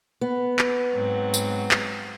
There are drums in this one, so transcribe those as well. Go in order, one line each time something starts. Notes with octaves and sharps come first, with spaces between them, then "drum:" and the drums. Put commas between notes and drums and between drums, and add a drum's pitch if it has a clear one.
B3
drum: clap
G#2 F#3 C4
drum: tambourine
drum: clap